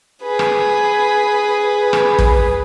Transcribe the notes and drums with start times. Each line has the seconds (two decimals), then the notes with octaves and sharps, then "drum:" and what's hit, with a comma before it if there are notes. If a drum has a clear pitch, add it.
0.22 G#4 B4
0.39 drum: rim click
1.93 drum: rim click
2.19 drum: kick